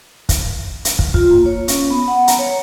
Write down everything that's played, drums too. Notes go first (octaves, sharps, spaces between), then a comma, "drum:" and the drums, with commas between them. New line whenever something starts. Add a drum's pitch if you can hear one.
drum: kick, hi-hat
drum: hi-hat
drum: kick
F4, drum: kick
A#3
C#5
C#4, drum: hi-hat
B3
F#5
A#5, drum: hi-hat
C#5